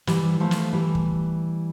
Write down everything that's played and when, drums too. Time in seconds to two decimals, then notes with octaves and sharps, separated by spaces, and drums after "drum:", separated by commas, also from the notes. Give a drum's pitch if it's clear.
0.07 E3 G3, drum: snare
0.40 F3 A3
0.51 drum: snare
0.73 E3 G3
0.95 drum: kick